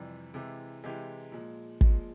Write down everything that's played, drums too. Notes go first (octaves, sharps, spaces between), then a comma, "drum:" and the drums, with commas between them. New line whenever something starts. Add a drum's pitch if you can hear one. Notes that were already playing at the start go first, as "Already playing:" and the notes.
Already playing: F2 C3 E3 G3
C3 E3 G#3 E4 G4
C3 E3 G#3 E4 G4
A#2 F3 G#3
A#2 F3 G#3, drum: kick